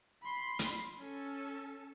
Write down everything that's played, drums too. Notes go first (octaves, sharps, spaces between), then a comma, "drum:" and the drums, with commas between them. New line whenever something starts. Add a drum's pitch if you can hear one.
B5 C6
drum: hi-hat
C#4 A4